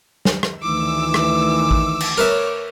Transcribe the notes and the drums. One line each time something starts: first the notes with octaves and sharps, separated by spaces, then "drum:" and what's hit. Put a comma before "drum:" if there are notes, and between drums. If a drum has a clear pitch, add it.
drum: snare
drum: rim click
D2 D#3 E3 D6 E6
drum: rim click
drum: kick A1
drum: cymbal
A#4 B4 C#5 E5